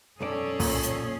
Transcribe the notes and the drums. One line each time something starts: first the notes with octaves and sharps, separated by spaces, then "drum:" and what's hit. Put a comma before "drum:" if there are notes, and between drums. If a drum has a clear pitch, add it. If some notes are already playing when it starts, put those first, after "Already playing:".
B1 F#2 C#4 G#4 A4 D5
A#2, drum: kick, open hi-hat
drum: hi-hat